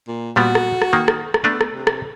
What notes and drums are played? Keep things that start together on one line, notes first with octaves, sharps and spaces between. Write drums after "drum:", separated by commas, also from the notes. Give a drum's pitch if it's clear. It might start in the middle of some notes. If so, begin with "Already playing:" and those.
A#2
A#2 G3 B3 F#4
drum: rim click
drum: rim click
D#3 A#3
drum: rim click
drum: rim click
A3 B3 D4 B4
drum: rim click
C3
drum: rim click